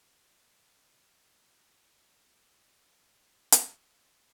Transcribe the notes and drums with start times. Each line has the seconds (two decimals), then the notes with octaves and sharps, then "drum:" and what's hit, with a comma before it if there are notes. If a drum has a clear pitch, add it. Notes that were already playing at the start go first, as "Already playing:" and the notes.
Already playing: B2 G#3 B3 F#4 A#4
0.20 F#4
0.52 G#4
0.84 F#4
0.93 G#4
1.02 F#4
1.17 G#4
1.32 G#4
1.39 F#4
1.60 G#4
1.82 B2 G#3 D4 D#5
1.91 G#5
1.98 F#5
2.14 G#5
2.30 B5
2.39 B4
2.46 D5
3.52 drum: hi-hat
3.87 G#5
3.92 A#5
4.04 A#4
4.09 B4